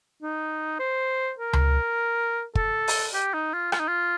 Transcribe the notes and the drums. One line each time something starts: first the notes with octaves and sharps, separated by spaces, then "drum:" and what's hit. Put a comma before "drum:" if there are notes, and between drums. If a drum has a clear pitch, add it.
D#4
C5
A#4
drum: tom C#2
A4, drum: kick
drum: open hi-hat
G4
D#4
F4
F4, drum: rim click
D#4
F4